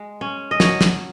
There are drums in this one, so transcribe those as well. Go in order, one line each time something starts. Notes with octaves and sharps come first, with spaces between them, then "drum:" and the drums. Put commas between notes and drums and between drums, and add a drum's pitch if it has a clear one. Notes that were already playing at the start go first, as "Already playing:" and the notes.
Already playing: G#3
C#4
D#5
F#3 C#5, drum: snare
drum: snare